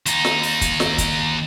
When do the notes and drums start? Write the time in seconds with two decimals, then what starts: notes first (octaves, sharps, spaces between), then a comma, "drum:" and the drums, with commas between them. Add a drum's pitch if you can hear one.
0.06 D#2 D#4, drum: hi-hat
0.25 drum: snare
0.43 drum: open hi-hat
0.61 drum: kick, hi-hat
0.80 drum: snare
0.98 drum: kick, hi-hat